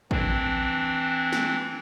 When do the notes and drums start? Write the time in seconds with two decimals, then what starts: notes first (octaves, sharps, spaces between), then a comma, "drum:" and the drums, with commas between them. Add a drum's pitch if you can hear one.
0.11 E3 C4 D4, drum: kick A1
1.32 drum: snare